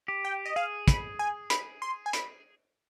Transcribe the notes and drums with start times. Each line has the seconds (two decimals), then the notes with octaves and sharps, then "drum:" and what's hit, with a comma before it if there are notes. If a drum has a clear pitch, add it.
0.08 G4
0.25 G5
0.46 D#5
0.56 G#4 F5
0.88 B5, drum: kick, hi-hat
1.19 G#5
1.50 B5, drum: hi-hat
1.82 C6
2.06 G#5
2.13 B5, drum: hi-hat